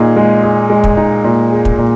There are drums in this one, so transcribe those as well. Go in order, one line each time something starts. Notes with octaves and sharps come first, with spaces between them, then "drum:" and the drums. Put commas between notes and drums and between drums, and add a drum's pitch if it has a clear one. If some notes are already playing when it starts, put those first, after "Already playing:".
Already playing: A#2 D#4 G#4
G#3
G#4
G#3
drum: kick
D#4
A#2
G#4
drum: kick
A#2